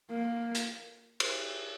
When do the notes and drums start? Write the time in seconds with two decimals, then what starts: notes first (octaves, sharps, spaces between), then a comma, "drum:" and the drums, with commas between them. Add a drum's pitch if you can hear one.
0.10 A#3
0.55 drum: hi-hat
1.20 drum: cymbal